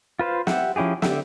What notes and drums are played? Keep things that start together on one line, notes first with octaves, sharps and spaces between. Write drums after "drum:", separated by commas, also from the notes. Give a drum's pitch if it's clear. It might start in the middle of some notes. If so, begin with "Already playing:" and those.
F4 B4 C5 F5
G4 E5 F#5, drum: snare
F3 C#4 E4 G4 G#4
D3 G4 E5, drum: snare